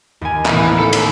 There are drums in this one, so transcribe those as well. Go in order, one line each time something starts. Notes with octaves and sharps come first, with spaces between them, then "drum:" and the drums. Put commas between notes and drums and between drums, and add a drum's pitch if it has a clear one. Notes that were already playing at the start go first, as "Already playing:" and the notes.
D#2 A#4 G#5
A1 B3 E4 G#5 A#5, drum: clap
A4
D#2, drum: cymbal